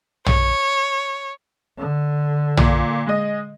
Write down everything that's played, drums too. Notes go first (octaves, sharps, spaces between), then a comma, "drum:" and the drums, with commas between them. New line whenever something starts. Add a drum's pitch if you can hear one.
C#5, drum: tom
D3
A#2, drum: tom
G#3 D#5